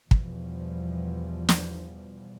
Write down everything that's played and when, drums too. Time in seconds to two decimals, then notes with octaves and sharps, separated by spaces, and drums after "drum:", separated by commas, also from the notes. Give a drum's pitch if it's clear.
0.11 E2 B2 F3 G3, drum: kick
1.49 drum: snare